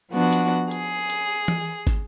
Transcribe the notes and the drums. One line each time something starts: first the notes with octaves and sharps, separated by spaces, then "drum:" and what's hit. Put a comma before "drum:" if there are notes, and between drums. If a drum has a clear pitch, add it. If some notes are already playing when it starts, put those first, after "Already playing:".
F3 B3 D4 F#4
drum: hi-hat
G#4, drum: hi-hat
drum: hi-hat
drum: tom
drum: kick, hi-hat